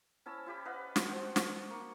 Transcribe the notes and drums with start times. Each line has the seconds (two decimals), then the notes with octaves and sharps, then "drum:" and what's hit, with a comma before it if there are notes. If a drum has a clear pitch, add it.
0.26 C#4 E4 A5 E6
0.46 E4 G4 B5
0.65 B4 D#5 F5 F#5
0.96 drum: snare
1.08 C4 F#4 C5 F#5
1.36 A5 C#6, drum: snare
1.70 A#3